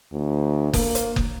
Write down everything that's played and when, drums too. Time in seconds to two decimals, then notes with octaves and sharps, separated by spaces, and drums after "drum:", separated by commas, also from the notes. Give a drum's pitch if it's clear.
0.12 D2
0.73 A#3, drum: kick F#1, open hi-hat
0.95 drum: hi-hat
1.16 drum: kick F#1